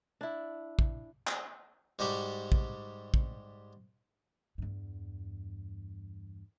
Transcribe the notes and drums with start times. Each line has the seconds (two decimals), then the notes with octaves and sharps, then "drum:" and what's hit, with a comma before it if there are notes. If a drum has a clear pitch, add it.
0.21 D4 E4
0.79 drum: kick
1.27 drum: clap
1.99 G#2 G3 F#4 G4
2.52 drum: kick
3.14 drum: kick
4.58 E2 G2